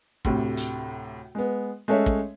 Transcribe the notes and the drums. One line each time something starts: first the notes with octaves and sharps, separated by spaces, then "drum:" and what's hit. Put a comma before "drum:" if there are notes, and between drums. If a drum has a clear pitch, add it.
D2 A2 C3, drum: kick
drum: hi-hat
G#3 B3
G#3 A3 C#4 A4 C#5 E5
drum: kick